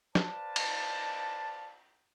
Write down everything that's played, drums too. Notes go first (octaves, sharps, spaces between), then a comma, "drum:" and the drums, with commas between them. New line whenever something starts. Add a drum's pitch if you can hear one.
B4 C5 D5 F5 A5, drum: snare
drum: cymbal